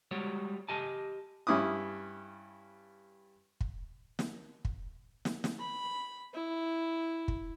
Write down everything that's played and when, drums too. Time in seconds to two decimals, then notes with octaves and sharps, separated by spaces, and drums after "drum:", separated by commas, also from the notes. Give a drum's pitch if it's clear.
0.11 G3 G#3 F#4 C#5
0.69 G4 D#5 G#5 A5
1.47 G2 C#4 E4 D6 D#6
3.61 drum: kick
4.19 drum: snare
4.65 drum: kick
5.25 drum: snare
5.44 drum: snare
5.59 B5
6.34 E4
7.28 drum: kick